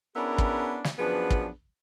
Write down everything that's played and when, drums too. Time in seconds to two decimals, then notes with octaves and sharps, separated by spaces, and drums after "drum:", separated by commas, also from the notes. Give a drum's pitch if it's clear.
0.15 B3 C#4 D4 E4 G#4 A#4
0.38 drum: kick
0.84 drum: snare
0.99 F#2 F3 B3 D4 G#4 B4
1.30 drum: kick